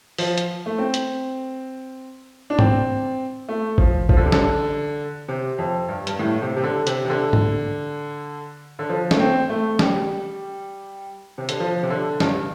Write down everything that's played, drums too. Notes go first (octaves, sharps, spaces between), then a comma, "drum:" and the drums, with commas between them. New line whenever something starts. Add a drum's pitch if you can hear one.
F3, drum: open hi-hat
drum: hi-hat
A3
C4
drum: hi-hat
D4
C4, drum: tom G#2
A3
F3, drum: kick
F3, drum: kick
D3
C3
D3, drum: snare
C3
F2
G2
G2, drum: hi-hat
A2
C3
C3
D3
C3, drum: hi-hat
C3
D3
drum: tom G#2
D3
F3
A3, drum: snare
C4
A3
G3, drum: snare
C3
D3, drum: hi-hat
F3
C3
D3
G2, drum: snare